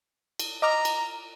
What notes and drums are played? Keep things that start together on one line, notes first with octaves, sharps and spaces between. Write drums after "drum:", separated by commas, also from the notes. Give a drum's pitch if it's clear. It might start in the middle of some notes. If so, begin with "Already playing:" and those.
drum: cymbal
D#5 A#5 D6 F6
drum: cymbal